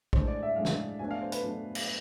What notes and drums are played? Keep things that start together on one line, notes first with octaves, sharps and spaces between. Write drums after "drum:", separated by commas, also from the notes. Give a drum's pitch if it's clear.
A2 G#3 D4 C5, drum: kick A#1
D5
E5
A2 G#3 D4 F5
drum: snare
B2 A3 D4 G#5
F5
C5
B4, drum: hi-hat
B2 A3 D4
drum: cymbal